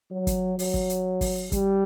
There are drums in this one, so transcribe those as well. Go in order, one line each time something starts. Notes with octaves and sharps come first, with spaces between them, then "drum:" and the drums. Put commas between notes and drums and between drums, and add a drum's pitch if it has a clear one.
F#3
drum: kick, hi-hat
F#3, drum: open hi-hat
drum: kick
drum: hi-hat
drum: kick, open hi-hat
G3, drum: kick, hi-hat